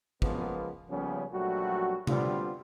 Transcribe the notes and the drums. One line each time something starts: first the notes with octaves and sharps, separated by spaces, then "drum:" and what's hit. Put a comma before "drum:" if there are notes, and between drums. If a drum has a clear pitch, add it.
C#3 F3 G#3 A#3 B3, drum: kick
C#3 F3 G3 A#3 B3 C#4
A#1 F#3 G3 A3 F#4
D3 G3 B3 C4 F4, drum: tom C3